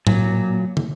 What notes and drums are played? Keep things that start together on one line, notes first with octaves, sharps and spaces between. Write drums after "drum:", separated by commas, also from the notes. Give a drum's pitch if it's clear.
A#2 F#3, drum: tom A2
drum: tom